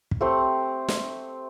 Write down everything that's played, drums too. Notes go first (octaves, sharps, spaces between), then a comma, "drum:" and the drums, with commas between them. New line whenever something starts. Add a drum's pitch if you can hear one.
drum: kick
A3 C4 G4 C5
drum: snare